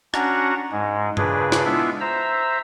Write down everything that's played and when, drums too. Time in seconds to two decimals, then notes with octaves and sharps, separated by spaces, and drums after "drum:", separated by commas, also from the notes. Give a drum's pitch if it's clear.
0.14 C#4 D4 F#4 F#5 A#5, drum: rim click
0.71 G#2 G#3
1.17 A#2 C#3 D4 G#4 B4, drum: tom G2
1.52 drum: snare
1.65 G#3 B3 D4 E4 F4 E5
2.01 C5 E5 A#5 E6